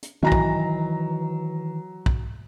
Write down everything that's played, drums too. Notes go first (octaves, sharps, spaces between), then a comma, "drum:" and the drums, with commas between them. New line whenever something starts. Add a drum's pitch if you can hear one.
drum: hi-hat
D#3 E3 F#3 A#5 A#6
drum: kick
drum: kick